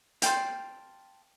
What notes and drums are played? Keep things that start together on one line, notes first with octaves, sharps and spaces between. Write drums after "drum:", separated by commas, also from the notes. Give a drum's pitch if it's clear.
F5 G5 A5 C6, drum: hi-hat